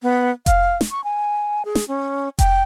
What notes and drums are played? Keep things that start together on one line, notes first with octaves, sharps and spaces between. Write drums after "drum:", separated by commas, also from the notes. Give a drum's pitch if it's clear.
B3
F5, drum: kick F1, hi-hat
drum: snare
C#6
G#5
G#4
drum: snare
C#4
G5, drum: kick F1, hi-hat